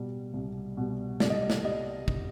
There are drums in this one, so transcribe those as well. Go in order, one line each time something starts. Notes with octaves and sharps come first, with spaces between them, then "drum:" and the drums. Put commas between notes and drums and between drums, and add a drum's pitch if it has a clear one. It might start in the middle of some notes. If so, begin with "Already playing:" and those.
Already playing: B2 G3
C2
B2 G3
C2 D5, drum: snare
D#5
D5
drum: snare
G3 D#5
drum: kick